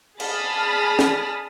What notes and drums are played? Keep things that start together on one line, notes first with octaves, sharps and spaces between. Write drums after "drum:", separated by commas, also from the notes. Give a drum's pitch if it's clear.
G#4 D5 A5 B5 D#6 F6, drum: cymbal
drum: snare